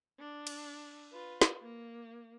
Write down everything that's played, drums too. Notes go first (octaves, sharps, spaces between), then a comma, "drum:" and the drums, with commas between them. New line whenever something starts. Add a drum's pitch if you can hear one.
D4
drum: cymbal
F4 B4
drum: snare
A#3